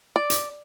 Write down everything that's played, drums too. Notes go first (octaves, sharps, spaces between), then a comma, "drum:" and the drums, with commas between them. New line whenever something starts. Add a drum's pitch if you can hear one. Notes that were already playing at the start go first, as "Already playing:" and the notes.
D5
drum: hi-hat